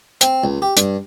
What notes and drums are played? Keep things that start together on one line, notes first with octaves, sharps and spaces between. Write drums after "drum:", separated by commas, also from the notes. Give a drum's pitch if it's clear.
C4, drum: hi-hat
C#2
G4
G2, drum: hi-hat